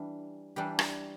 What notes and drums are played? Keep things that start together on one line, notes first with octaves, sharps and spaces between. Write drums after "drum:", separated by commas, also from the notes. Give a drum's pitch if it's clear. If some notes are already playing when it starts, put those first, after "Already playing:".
Already playing: E3 G3 D4
E3 G3 D4 G4
drum: rim click